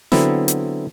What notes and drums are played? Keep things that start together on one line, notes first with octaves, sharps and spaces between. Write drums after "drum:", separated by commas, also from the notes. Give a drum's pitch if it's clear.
D3 F#3 B3 C4 E4, drum: snare
drum: hi-hat